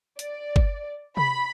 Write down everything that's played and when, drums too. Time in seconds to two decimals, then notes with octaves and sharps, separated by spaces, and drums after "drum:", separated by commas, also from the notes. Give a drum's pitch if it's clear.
0.19 D5, drum: hi-hat
0.56 drum: kick
1.17 B5, drum: tom C3